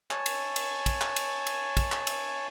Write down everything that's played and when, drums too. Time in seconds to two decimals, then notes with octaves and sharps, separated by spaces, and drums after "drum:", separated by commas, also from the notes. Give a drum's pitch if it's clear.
0.11 C#5 G#5 A5, drum: clap
0.26 drum: cymbal
0.56 drum: cymbal
0.86 drum: kick, cymbal
1.01 drum: clap
1.16 drum: cymbal
1.47 drum: cymbal
1.77 drum: kick, cymbal
1.92 drum: clap
2.07 drum: cymbal